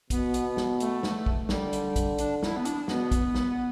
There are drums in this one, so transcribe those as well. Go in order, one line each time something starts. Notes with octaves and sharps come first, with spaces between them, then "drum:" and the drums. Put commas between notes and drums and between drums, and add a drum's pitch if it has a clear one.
B2 B3, drum: kick, hi-hat
drum: hi-hat
drum: snare
A3, drum: hi-hat
drum: snare
drum: kick
D3 G3, drum: snare
drum: hi-hat
drum: kick, hi-hat
D4, drum: hi-hat
E4, drum: snare
B3
D4, drum: hi-hat
B2 B3, drum: snare
drum: kick, hi-hat
drum: snare